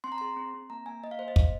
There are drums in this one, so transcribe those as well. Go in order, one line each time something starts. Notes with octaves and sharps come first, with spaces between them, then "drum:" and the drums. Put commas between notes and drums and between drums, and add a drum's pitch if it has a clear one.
C4 C6
A#5
G#4 C6
C4
C4
A#3 A#5
A#3 G#5
A#3 D#5
F5
A#3 C5
D#5
A#3, drum: kick